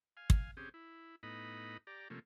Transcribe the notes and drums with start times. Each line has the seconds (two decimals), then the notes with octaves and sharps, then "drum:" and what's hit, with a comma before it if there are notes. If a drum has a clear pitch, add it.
0.17 F5 G#5
0.30 drum: kick
0.57 C4 C#4 G4 G#4
0.74 E4
1.23 A2 B3 D#4 D#5 B5
1.87 G4 D5 A#5
2.10 C3 F3 A3 A#3 C#4